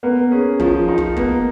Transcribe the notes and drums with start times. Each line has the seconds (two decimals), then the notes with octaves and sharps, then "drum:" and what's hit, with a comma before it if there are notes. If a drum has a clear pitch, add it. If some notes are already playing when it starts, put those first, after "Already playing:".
0.03 A#3 B3
0.31 C#4 G#4
0.59 F3 F4, drum: kick
0.88 D#4 F4
0.98 drum: kick
1.16 A#3 B3, drum: kick